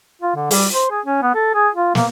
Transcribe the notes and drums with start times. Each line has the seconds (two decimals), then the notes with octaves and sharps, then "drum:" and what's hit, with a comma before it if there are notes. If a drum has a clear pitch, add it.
0.22 F4
0.35 D3
0.51 G3, drum: open hi-hat
0.74 C5
0.91 G#4
1.06 C#4
1.22 B3
1.34 A4
1.55 G#4
1.75 F4
1.95 A#3, drum: snare